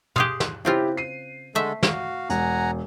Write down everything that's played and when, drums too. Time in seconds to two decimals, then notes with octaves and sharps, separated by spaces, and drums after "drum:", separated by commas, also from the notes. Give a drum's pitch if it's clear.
0.16 G4 G#4 F5 C6 D#6 F#6, drum: tom
0.40 drum: snare
0.65 C#3 C4 E4 F4 G4
0.97 C7 D#7
1.55 D3 G#3 A3 A4 E5
1.83 F#4 F5, drum: snare
2.30 E1 F#5 G#5 A#5, drum: hi-hat